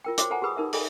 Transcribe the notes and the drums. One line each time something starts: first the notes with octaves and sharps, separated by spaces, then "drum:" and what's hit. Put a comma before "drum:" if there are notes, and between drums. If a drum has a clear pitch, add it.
F4 A#4 G5
F#4 C5 C#5 G5 C6 D6, drum: hi-hat
A4 C5 E5 F#5 G#5 A#5
G4 G#4 B4 B5 D#6
D#4 A#4 E5
G#4 A4 D#5 G5 G#5 B5, drum: open hi-hat